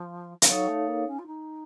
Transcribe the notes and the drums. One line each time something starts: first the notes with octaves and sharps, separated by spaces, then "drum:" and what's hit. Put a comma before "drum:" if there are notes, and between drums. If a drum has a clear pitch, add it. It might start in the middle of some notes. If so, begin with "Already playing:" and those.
Already playing: F3
F3, drum: hi-hat
F#3 D#4 A4 C#5 F5
A3
A#3
C#4
F4
D#4